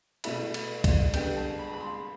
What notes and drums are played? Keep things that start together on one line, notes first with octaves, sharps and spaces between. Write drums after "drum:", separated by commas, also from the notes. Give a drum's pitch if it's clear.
B2 A3 E4 B5, drum: cymbal
drum: cymbal
drum: kick B1, cymbal
D3 G3 B3 G5, drum: cymbal
A5
B5
B5
C6